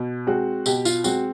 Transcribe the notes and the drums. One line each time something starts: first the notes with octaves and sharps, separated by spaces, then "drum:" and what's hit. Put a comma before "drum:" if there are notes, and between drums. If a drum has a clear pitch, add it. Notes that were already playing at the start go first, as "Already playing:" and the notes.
Already playing: B2
G#3 C4 F#4
B2 G4, drum: tambourine
F4, drum: tambourine
G#3 C4 F#4, drum: tambourine